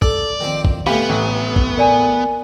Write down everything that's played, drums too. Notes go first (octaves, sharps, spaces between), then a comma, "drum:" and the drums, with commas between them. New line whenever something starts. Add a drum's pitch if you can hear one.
A4 D5, drum: kick
D#3 F3 C4
drum: kick
C2 A2 E3 B3 G4 F5 B5
A1
drum: kick
A#4 D5 G#5